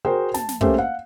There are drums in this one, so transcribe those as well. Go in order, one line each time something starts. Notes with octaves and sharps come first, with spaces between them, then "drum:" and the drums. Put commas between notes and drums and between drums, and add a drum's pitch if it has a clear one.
F#4 G#4 A#4 C5 G5
A5, drum: snare
drum: snare
A3 A#3 C#4 G4 C5 E5, drum: kick
F5 F#5